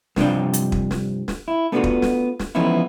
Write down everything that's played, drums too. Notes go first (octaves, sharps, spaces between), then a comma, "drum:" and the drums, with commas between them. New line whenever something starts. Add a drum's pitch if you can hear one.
G2 C3 F3 F#3 D4 G5, drum: snare
drum: hi-hat
drum: kick
drum: snare
drum: snare
E4
A3 B3 D4 D#4 F4 F#4
drum: kick
drum: snare
drum: snare
E3 F3 B3 C#4 D#4 E4